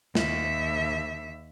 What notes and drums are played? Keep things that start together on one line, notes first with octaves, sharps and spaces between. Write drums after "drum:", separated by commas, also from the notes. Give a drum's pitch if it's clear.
D#2 E5, drum: snare